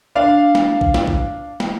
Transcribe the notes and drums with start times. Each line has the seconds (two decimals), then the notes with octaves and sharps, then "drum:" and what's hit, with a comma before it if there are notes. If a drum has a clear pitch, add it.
0.15 D4 D5 F5
0.55 drum: snare
0.81 drum: kick A#1
0.94 drum: snare
1.07 drum: kick A#1
1.60 drum: snare